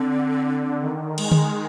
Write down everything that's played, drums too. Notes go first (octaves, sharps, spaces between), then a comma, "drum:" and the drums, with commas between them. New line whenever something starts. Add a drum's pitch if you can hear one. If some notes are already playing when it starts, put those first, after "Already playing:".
Already playing: D3 C4
D#3
G#3, drum: cymbal
drum: tom D3